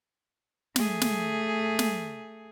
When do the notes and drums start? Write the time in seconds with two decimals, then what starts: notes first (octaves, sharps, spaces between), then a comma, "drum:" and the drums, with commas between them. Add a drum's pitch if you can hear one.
0.76 A3 G#4, drum: snare
1.01 drum: snare
1.79 drum: snare